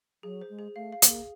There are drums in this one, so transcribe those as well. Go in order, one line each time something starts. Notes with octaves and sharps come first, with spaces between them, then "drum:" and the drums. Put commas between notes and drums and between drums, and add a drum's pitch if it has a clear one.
F#3 G#4
C5
G#3
G#4
A3 F5
F5
A#3, drum: hi-hat
G#4